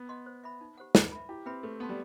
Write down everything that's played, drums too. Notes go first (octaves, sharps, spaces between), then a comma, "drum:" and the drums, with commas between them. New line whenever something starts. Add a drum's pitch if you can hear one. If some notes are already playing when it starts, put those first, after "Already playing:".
Already playing: B3
D#5 F#5 C6
C5
E5 B5
D#4
G4 C5 F#5
B4, drum: snare
E5 B5
E4 G4
C4 B4 E5 G5 B5
A3 B4
B3 F#5 A5 C6
G3